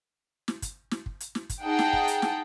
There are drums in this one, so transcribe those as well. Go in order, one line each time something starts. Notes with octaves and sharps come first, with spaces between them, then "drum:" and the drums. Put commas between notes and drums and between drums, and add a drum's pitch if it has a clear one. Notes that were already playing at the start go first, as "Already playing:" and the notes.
drum: snare
drum: kick, hi-hat
drum: snare
drum: kick
drum: hi-hat
drum: snare
drum: kick, hi-hat
D#4 G#4 F#5 G5 A5
drum: snare
drum: kick
drum: hi-hat
drum: snare